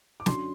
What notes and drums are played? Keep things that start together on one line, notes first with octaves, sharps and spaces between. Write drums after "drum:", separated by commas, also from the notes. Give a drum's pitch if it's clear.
D6
F#2 D3 F#3 C6, drum: snare